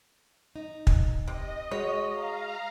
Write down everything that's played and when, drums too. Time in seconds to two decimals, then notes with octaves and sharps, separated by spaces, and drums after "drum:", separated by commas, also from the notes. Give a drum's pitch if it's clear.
0.56 D#4
0.87 drum: kick
1.27 C3 D#5
1.71 G#3 F#4 C#5
2.09 F5 A#5